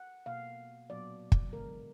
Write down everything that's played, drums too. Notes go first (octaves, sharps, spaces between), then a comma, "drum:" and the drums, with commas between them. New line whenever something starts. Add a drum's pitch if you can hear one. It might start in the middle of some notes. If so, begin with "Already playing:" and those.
Already playing: F#5
B2 A#3 F5
A#2 F#3 B3 D5
drum: kick
D3 G#3 B3 A#4